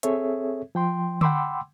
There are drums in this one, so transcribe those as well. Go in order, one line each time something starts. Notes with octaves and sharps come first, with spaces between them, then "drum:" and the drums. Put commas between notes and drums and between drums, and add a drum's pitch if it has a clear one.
C4 G#4 A4 C#5 E5, drum: hi-hat
F3 G5 C6
F#5 G5 B5 C6 D6 E6, drum: tom D3